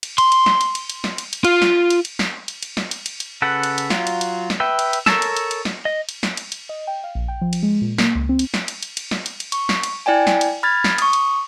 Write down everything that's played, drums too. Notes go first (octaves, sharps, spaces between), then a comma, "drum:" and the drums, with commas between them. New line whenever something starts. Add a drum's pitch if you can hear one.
drum: cymbal
C6, drum: cymbal
drum: cymbal
drum: snare
drum: cymbal
drum: cymbal
drum: cymbal
drum: snare
drum: cymbal
drum: cymbal
F4, drum: cymbal
drum: snare
drum: cymbal
drum: cymbal
drum: snare
drum: cymbal
drum: cymbal
drum: snare
drum: cymbal
drum: cymbal
drum: cymbal
C#3 A4 B4 F#5
drum: cymbal
drum: cymbal
F#3 F4, drum: snare
drum: cymbal
drum: cymbal
drum: snare
B4 E5 G5
drum: cymbal
drum: cymbal
A4 A#4 C#5 A5 E6, drum: snare
drum: cymbal
drum: cymbal
drum: cymbal
drum: snare
D#5
drum: cymbal
drum: snare
drum: cymbal
drum: cymbal
D#5
G5
F5
A#1
G5
F3
drum: cymbal
G#3
A#2
A#3, drum: snare
C#2
C4
drum: cymbal
drum: snare
drum: cymbal
drum: cymbal
drum: cymbal
drum: snare
drum: cymbal
drum: cymbal
C#6, drum: cymbal
drum: snare
drum: cymbal
E4 D5 G5 G#5
drum: snare
drum: cymbal
B5 F6 G#6 A6
drum: snare
C#6 D#6, drum: cymbal
drum: cymbal